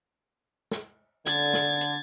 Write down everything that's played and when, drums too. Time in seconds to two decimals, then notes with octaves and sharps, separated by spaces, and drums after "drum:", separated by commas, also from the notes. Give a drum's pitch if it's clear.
0.71 drum: snare
1.26 D3 G#6 A6, drum: hi-hat
1.54 drum: snare
1.81 drum: hi-hat